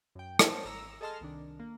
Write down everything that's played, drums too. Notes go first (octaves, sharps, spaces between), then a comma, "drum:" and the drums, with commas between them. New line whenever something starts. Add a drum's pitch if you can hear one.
F#2 G5
A#4 C5 C#5 A5 C6, drum: rim click
G#1 A#5 E6
G#4 A4 D#5 A5 C6 F6
C2 D#3 D4
A#3